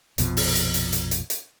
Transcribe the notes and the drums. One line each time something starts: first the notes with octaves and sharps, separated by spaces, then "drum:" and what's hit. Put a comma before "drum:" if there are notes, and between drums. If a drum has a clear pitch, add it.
A#1 F2 B2 F3, drum: hi-hat
drum: open hi-hat
drum: hi-hat
drum: hi-hat
drum: hi-hat
drum: hi-hat
drum: hi-hat